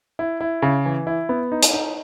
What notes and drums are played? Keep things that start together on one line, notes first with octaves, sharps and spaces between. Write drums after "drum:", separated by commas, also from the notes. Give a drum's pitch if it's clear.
E4
E4
C#3
E3
E4
B3
D#4
drum: hi-hat
D#4